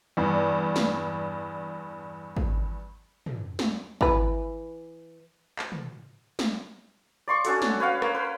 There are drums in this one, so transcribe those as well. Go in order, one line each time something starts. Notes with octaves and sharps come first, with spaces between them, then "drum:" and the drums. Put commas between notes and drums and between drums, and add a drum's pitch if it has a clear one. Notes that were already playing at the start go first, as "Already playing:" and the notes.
E2 G2
drum: snare
drum: kick
drum: tom
drum: snare
E3 B4, drum: kick
drum: clap
drum: tom
drum: snare
D5 C6 C#6
C#4 D4 F#4 A4, drum: hi-hat
drum: snare
B4 C#5 F5 F#5
A#3, drum: rim click
B4